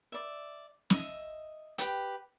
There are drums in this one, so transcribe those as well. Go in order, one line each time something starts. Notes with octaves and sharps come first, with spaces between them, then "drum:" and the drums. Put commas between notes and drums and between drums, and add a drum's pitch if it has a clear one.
D5 E5
D#5 E5 D#6, drum: snare
G4 B4 G5, drum: hi-hat